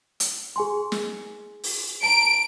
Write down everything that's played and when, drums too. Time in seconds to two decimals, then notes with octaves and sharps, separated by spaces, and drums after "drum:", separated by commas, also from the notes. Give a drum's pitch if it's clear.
0.20 drum: hi-hat
0.56 G#4 G#5 C6
0.92 drum: snare
1.64 drum: open hi-hat
2.03 A5 A#5 D7